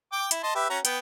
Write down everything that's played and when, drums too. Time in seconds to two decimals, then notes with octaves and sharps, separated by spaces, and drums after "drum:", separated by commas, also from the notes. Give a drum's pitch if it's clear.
0.12 G5 D6
0.31 E4, drum: hi-hat
0.43 D#5 A5 C6
0.55 G4 B4 E5
0.70 C#4 F#4 A#5
0.85 B3 G5, drum: hi-hat